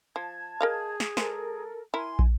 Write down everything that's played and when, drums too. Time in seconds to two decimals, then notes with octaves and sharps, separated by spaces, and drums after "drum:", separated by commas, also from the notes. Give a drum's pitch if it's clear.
0.16 F3 A5 G#6
0.61 G#4 A#4 D#5 F5
1.00 drum: snare
1.17 G#3 A4 A#4 C5, drum: snare
1.94 E4 A#4 G#5 C6
2.19 drum: kick